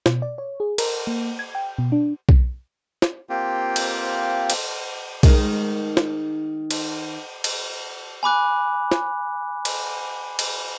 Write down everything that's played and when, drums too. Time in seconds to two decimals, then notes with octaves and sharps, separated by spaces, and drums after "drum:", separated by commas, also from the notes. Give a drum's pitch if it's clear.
0.06 B2, drum: snare
0.22 D5
0.38 C#5
0.60 G#4
0.78 A#4, drum: cymbal
1.07 A#3
1.39 G#6
1.55 G5
1.78 B2
1.92 D4
2.29 drum: kick B1
3.02 drum: snare
3.29 A#3 C4 F4 G4
3.76 drum: cymbal
4.50 drum: cymbal
5.23 D#3 G#3, drum: kick B1, cymbal
5.97 drum: snare
6.71 drum: cymbal
7.44 drum: cymbal
8.23 G#5 B5 D6 F#6
8.91 drum: snare
9.65 drum: cymbal
10.39 drum: cymbal